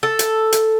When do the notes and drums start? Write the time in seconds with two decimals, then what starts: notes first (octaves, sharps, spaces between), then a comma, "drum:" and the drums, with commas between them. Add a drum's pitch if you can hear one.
0.03 A4
0.19 drum: hi-hat
0.53 drum: hi-hat